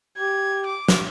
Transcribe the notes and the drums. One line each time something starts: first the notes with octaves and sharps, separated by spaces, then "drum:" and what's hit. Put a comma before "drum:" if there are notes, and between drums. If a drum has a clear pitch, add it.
G4 G#6
D6
drum: snare